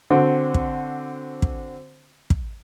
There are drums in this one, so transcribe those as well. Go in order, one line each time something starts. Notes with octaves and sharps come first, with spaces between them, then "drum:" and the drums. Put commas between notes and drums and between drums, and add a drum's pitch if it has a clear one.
D3 C4 F#4
drum: kick
drum: kick
drum: kick